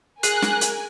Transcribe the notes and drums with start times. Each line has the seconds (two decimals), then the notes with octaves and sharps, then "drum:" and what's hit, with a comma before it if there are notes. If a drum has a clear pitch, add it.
0.23 G#4 A#4 G#5 F#6 C7 D#7, drum: hi-hat
0.42 drum: snare
0.61 drum: hi-hat